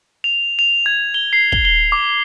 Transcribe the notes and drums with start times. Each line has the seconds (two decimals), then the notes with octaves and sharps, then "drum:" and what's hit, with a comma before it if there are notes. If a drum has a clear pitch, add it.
0.24 F7
0.59 F7
0.86 G#6
1.14 G7
1.33 C7
1.52 G7, drum: kick
1.65 G7
1.92 D6